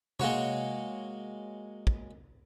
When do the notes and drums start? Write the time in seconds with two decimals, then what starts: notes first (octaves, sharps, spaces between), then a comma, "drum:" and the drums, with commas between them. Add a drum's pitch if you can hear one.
0.20 G#3 A#3 F#4 C#5, drum: tom C3
1.87 drum: kick